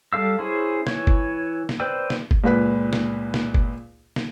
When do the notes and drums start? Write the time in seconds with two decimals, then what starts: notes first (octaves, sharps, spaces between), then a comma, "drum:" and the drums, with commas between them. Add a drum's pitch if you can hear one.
0.13 G3 A4 F5 E6
0.39 C#4 E4 G#4 C5
0.87 E3 C#5, drum: snare
1.07 drum: kick G1
1.69 drum: snare
1.80 B4 C5 D5 G5 E6
2.10 drum: snare
2.31 drum: kick G1
2.44 C#2 A#2 B4 B6
2.93 drum: snare
3.34 drum: snare
3.54 drum: kick G1
4.16 drum: snare